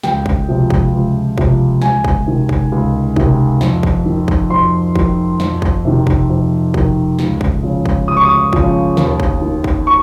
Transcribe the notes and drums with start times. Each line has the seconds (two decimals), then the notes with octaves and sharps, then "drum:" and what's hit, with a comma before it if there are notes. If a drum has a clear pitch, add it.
0.03 C#2 G5, drum: snare
0.26 drum: kick
0.48 C3 F3
0.70 drum: kick
0.92 C#2
1.38 C3 F3, drum: kick
1.82 C#2 G#5, drum: snare
2.04 drum: kick
2.26 C3 D#3
2.49 drum: kick
2.72 C#2
3.16 C3 D#3, drum: kick
3.61 F2, drum: snare
3.83 drum: kick
4.06 D#3
4.28 drum: kick
4.50 F2 C6
4.96 D#3, drum: kick
5.40 F2, drum: snare
5.62 drum: kick
5.85 C3 D#3
6.07 drum: kick
6.30 F2
6.74 C3 D#3, drum: kick
7.19 C#2, drum: snare
7.41 drum: kick
7.63 C#3 F3
7.86 drum: kick
8.08 C#2 D#6
8.17 C#6
8.25 D#6
8.53 C#3 F3, drum: kick
8.97 D#2, drum: snare
9.20 drum: kick
9.41 D#3
9.64 drum: kick
9.87 C#6